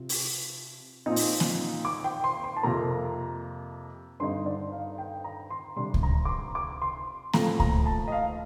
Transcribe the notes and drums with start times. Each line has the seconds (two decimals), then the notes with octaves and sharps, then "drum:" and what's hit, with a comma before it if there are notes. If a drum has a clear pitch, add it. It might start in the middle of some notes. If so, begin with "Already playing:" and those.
Already playing: C3 F3 C4
0.09 drum: open hi-hat
1.06 A#2 F3 C4 D#4
1.16 drum: open hi-hat
1.40 drum: snare A#3
1.85 D6
2.04 G5
2.24 C6
2.44 C6
2.57 A5
2.63 F2 C3 F3 A#3 A#5
4.20 G2 D3 G3 C4 D#4 C6
4.46 D5
4.72 F5
4.98 G5
5.24 A#5
5.50 C6
5.76 C3 G3 D4 C6
5.94 drum: kick C#2
6.03 A#5
6.25 D6
6.29 C6
6.55 D6
6.82 C6
7.33 A2 F3 A3 A#5, drum: snare A#3
7.60 A#5, drum: kick C#2
7.86 A5
8.08 D#5
8.12 F5